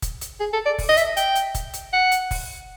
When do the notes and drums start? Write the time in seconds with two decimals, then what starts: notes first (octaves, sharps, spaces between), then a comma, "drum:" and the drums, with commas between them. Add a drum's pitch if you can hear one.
0.02 drum: kick, hi-hat
0.21 drum: hi-hat
0.40 G#4
0.53 A4
0.66 D5
0.78 drum: kick, open hi-hat
0.89 D#5
0.97 E5, drum: hi-hat
1.17 G5, drum: hi-hat
1.36 drum: hi-hat
1.55 drum: kick, hi-hat
1.74 drum: hi-hat
1.93 F#5
2.12 drum: hi-hat
2.31 drum: kick, open hi-hat